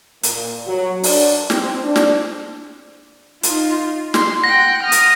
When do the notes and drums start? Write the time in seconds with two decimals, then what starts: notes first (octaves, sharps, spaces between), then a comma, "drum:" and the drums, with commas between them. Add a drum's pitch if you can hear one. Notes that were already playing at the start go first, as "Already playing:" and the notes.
0.23 A#2, drum: hi-hat
0.67 F#3
1.03 D4, drum: open hi-hat
1.50 C4, drum: snare
1.83 D4
1.96 drum: snare
3.43 D#4 F4, drum: hi-hat
4.14 C6, drum: snare
4.44 F#5 G5 A#6
4.83 D#6 F6
4.92 drum: hi-hat